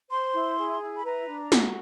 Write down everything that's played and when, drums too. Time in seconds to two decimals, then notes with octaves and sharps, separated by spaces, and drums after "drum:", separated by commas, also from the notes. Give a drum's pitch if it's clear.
0.09 C5 C6
0.33 E4
0.56 G#4
0.81 E4
0.96 B5
1.05 B4 A#5
1.28 D4
1.52 F#4, drum: snare